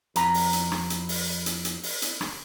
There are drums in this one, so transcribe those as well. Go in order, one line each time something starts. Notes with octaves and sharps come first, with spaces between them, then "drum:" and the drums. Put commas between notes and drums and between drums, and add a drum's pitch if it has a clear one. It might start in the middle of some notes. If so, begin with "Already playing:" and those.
F2 B4 A#5, drum: hi-hat
drum: open hi-hat
drum: hi-hat
drum: rim click
drum: hi-hat
drum: open hi-hat
drum: hi-hat
drum: hi-hat
drum: open hi-hat
drum: hi-hat
drum: rim click